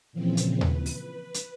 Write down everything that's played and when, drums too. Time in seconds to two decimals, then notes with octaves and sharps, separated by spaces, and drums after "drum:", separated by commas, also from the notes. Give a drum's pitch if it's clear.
0.13 A#2 C#3 E3 F3 C4
0.37 drum: hi-hat
0.61 B4, drum: tom D#2
0.86 drum: open hi-hat
1.34 drum: hi-hat